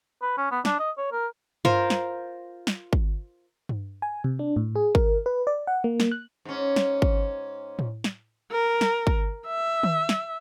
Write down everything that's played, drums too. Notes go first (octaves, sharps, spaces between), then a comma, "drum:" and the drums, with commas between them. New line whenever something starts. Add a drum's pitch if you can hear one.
B4
C#4
B3
D4, drum: snare
D#5
C#5
A#4
F4 A#4 C5 F5, drum: tom G2
drum: snare
drum: snare
drum: kick
drum: tom G2
G#5
C3
D4
A2
G#4
A#4, drum: kick
B4
D5
F#5
A#3
drum: snare
F#6
G#2 C#4
drum: snare
drum: kick
drum: tom A2
drum: snare
A#4
drum: snare
drum: kick
E5
drum: tom D#3
drum: snare